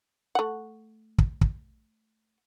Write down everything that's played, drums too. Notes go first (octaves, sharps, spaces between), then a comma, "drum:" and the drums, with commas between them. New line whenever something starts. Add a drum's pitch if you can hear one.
A3 F#5
drum: kick
drum: kick